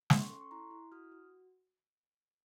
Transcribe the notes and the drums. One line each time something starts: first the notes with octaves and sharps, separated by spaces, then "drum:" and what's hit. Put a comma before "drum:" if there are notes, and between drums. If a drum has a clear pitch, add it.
C#4 C6, drum: snare
C#6
A4 C6
C#6
E4 A#5 C6
E4
F#4 D#6 F6
F#4